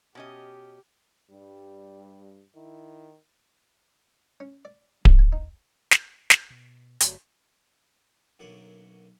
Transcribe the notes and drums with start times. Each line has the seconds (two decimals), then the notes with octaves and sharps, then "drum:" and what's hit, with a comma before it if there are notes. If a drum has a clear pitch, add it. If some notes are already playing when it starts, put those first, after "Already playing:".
0.15 B2 C#4 G4 D#5
1.31 G2 G3
2.55 D#3 E4
4.40 C#4
4.65 D5
5.05 D5, drum: kick D1
5.19 G#5
5.32 D#4
5.91 drum: snare
6.30 drum: snare
6.50 B2
7.00 G1 F#3 G3 A3, drum: hi-hat
8.39 B1 F#2 D3 F#3 A#3 F#5